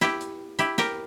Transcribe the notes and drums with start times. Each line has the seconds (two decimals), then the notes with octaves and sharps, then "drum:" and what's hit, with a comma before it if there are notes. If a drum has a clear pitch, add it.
0.01 E4 G4, drum: snare
0.21 drum: hi-hat
0.59 E4 G4, drum: hi-hat
0.78 G4 A#4, drum: snare